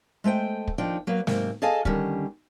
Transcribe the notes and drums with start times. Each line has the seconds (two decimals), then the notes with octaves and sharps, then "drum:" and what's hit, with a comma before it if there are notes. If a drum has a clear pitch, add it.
0.24 G#3 A3 C5 G5
0.68 drum: kick
0.78 D#2 F3 D4 D#4 G5
1.07 F#3 A#3 B4 F5
1.27 G#2 C3 F#3 A#3 C4, drum: snare
1.62 G#4 A4 D#5 F5 G#5 A5
1.85 D3 D#3 G3 C#4, drum: kick